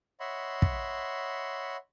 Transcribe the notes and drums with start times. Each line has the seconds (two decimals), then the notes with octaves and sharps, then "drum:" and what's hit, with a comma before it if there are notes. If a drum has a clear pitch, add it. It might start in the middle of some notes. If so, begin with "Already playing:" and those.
0.20 C#5 D#5 E5 F#5 B5 C6
0.62 drum: kick